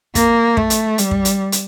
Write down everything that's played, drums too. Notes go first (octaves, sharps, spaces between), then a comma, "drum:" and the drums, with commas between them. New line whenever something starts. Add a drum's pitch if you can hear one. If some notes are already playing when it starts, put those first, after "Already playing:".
A#3, drum: kick, hi-hat
A3, drum: kick
drum: hi-hat
G3, drum: hi-hat
drum: kick
drum: hi-hat
drum: hi-hat